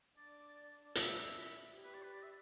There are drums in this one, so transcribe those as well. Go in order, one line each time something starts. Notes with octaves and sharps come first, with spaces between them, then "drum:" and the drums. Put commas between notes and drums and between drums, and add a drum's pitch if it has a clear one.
D4 D5
E5, drum: hi-hat
E4
G4
B4
D5
B4
D5
E5